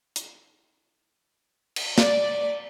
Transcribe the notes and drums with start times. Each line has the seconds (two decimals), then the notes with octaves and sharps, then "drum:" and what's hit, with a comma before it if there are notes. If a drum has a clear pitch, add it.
0.16 drum: hi-hat
1.76 drum: cymbal
1.98 D5, drum: snare